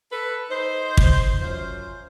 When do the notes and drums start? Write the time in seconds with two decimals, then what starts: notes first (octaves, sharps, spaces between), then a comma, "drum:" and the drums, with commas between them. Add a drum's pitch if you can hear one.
0.10 A4 B4
0.50 D#4 C5
0.97 drum: kick
1.39 F#2 F4 C5